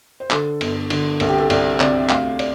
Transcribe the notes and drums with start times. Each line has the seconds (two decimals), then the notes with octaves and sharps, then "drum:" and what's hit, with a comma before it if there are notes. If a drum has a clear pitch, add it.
0.20 C5
0.31 D3 A4, drum: clap
0.61 G1, drum: cymbal
0.90 D3, drum: cymbal
1.20 C2 A4, drum: cymbal
1.29 G4
1.38 A4
1.50 C2 D5, drum: cymbal
1.80 C3 D5, drum: clap
2.09 D2 F5, drum: clap
2.39 D5, drum: cymbal